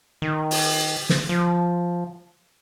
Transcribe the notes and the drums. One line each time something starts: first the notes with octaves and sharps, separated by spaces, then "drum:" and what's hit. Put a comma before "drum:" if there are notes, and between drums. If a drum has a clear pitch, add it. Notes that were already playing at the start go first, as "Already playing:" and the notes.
D#3
drum: open hi-hat
drum: snare
F3